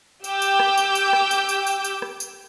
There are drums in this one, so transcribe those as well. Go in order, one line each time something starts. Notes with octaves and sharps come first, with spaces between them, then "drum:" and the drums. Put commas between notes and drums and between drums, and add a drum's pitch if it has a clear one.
G4 G5 D6 E6 G6, drum: tambourine
drum: tambourine
drum: rim click
drum: tambourine
drum: tambourine
drum: rim click
drum: tambourine
drum: tambourine
drum: tambourine
drum: tambourine
drum: rim click
drum: tambourine